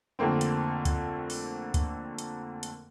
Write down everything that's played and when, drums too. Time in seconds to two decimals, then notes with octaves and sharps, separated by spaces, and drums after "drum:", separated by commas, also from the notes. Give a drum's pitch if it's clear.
0.19 F2 D3 A3 A#3 C4
0.41 drum: hi-hat
0.85 drum: kick, hi-hat
1.30 drum: open hi-hat
1.74 drum: kick, hi-hat
2.19 drum: hi-hat
2.63 drum: hi-hat